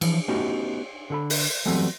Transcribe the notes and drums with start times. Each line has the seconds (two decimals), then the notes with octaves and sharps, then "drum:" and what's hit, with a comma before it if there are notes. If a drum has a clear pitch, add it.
0.01 E3 F3, drum: cymbal
0.28 A3 B3 C#4 D#4 F#4 G4
1.10 D3 A4 B5
1.30 drum: open hi-hat
1.65 E3 F#3 G3 A3 B3 C4